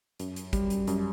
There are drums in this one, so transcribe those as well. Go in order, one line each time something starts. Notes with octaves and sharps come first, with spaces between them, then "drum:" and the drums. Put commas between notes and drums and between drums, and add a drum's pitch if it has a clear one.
F#2, drum: hi-hat
drum: hi-hat
G3, drum: kick, hi-hat
drum: hi-hat
F#2, drum: hi-hat